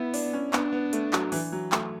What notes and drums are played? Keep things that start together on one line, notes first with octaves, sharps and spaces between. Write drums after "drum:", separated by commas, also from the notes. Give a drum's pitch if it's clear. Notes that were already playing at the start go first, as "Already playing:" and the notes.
Already playing: B3 E4
D4, drum: open hi-hat
C#4
B3 D4, drum: clap
B3
A3, drum: hi-hat
F#3, drum: clap
E3, drum: open hi-hat
F#3
A3, drum: clap